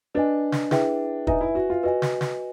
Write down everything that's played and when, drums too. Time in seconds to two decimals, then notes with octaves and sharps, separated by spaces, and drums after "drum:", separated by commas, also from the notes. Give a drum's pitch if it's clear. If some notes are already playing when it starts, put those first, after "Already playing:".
0.15 D4 B4 D#5 G#5
0.52 drum: snare
0.71 E4 G#4 B4 E5 G5, drum: snare
1.27 D#4 B4 E5 G#5, drum: kick
1.41 E4
1.55 F#4
1.70 F4
1.83 F#4 B4 D#5 G#5
2.02 drum: snare
2.21 drum: snare